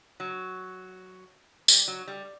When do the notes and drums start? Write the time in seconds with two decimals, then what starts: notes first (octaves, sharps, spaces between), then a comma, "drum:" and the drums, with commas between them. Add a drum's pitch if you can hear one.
0.20 F#3
1.68 G3, drum: tambourine
1.88 F#3
2.08 G3